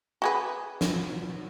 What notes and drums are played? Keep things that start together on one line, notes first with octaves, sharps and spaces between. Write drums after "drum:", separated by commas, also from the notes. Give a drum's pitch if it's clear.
F#4 G#4 B4
drum: snare